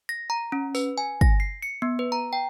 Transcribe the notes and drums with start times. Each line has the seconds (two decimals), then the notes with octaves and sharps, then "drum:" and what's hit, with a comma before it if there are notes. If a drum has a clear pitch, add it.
0.09 A#6
0.30 A#5
0.52 C#4
0.75 B4, drum: tambourine
0.98 G#5
1.21 A#6, drum: kick
1.40 C7
1.62 C#7
1.82 B3
1.99 B4
2.12 A#5
2.33 G5